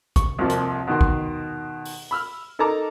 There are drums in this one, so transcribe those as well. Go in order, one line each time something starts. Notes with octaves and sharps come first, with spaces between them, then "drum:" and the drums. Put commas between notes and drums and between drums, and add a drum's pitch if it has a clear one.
C#6, drum: kick, hi-hat
C2 F2 F3 A#3
drum: hi-hat
B2 D#3 C6
drum: kick
drum: open hi-hat
B5 E6 F6
D#4 A4 A#4 A5 A#5 D6